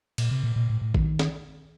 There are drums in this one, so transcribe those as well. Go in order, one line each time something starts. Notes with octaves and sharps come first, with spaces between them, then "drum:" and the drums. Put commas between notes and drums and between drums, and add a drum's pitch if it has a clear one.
A#2, drum: cymbal
C3
A#2
A#2
A2
A2
D#3, drum: kick
drum: snare